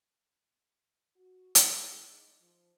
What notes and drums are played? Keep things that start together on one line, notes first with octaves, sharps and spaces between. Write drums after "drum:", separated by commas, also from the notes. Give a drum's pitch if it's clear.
F#4
G#4, drum: hi-hat
D#4
F3